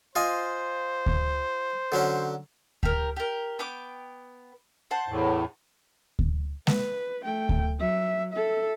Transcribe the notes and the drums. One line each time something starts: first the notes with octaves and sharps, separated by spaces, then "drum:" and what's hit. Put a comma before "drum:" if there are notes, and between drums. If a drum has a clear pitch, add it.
F4 C5 D#5 G#5
drum: kick D2
D3 F#3 C#4
G4 A#4, drum: kick D2
G4 A#4
B3 G5 D6
C5 F#5 A5
E2 A2
drum: kick D2
B4, drum: snare G#3
A3 G5
drum: kick D2
F#3 E5
A4 E5